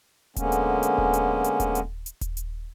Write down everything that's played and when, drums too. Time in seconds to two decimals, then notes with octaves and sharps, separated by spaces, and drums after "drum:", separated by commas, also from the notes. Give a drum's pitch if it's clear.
0.36 D3 G#3 A#3 B3 C#4, drum: kick D#1, hi-hat
0.52 drum: hi-hat
0.83 drum: hi-hat
0.98 drum: kick D#1
1.13 drum: hi-hat
1.44 drum: hi-hat
1.60 drum: kick D#1, hi-hat
1.75 drum: hi-hat
2.06 drum: hi-hat
2.21 drum: kick D#1, hi-hat
2.37 drum: hi-hat